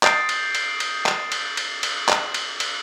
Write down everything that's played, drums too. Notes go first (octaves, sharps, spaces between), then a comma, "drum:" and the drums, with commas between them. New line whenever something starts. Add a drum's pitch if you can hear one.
D#6 G6 A6 C7 D7, drum: clap
drum: cymbal
drum: cymbal
drum: cymbal
drum: clap
drum: cymbal
drum: cymbal
drum: cymbal
drum: clap
drum: cymbal
drum: cymbal